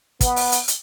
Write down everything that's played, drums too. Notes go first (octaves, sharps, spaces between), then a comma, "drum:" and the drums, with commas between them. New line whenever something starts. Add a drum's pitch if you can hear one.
B3, drum: kick, hi-hat
drum: open hi-hat
drum: hi-hat
drum: hi-hat